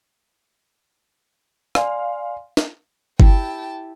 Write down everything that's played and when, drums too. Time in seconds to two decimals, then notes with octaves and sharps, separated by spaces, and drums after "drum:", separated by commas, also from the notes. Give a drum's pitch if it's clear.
1.75 D5 F5 G#5 C6, drum: rim click
2.57 drum: snare
3.20 E4 G4 G5 A5, drum: kick G1